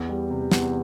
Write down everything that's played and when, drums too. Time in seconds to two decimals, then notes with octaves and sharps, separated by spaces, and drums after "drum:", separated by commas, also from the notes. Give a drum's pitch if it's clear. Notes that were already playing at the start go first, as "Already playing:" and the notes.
Already playing: E2
0.09 G3
0.30 C3
0.52 E2, drum: snare